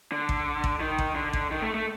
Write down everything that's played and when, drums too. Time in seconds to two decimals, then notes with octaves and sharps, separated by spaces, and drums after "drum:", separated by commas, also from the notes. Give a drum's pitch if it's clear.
0.12 D3
0.29 drum: kick A1
0.64 drum: kick A1
0.80 D#3
0.99 drum: kick A1
1.15 D3
1.33 drum: kick A1
1.51 D#3
1.62 A3
1.74 A3